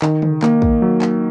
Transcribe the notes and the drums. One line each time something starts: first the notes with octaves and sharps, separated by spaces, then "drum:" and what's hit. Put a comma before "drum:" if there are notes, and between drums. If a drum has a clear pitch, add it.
D#3, drum: clap
drum: tom
A#3, drum: clap
drum: kick
F#3
drum: clap